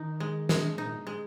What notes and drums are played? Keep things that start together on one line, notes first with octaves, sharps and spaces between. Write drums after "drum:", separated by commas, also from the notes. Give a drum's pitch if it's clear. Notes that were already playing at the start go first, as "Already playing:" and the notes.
Already playing: D#3 D#4
G#3
G#3, drum: snare
A#2 D#4
G#3